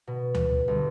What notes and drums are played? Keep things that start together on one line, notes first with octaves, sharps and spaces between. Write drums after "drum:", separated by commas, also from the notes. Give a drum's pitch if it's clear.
B2
drum: tom D2
G1